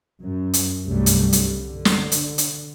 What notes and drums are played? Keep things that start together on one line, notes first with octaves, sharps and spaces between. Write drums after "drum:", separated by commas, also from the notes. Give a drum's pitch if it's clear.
F#2
drum: hi-hat
C2 G2 F#3 G3 A3
drum: hi-hat
drum: hi-hat
D3
drum: snare
drum: hi-hat
drum: hi-hat